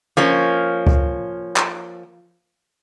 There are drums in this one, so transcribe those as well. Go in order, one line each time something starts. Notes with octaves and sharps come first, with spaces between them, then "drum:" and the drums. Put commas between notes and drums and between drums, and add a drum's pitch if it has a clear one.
F3 A#3 C#4
drum: kick C#2
drum: clap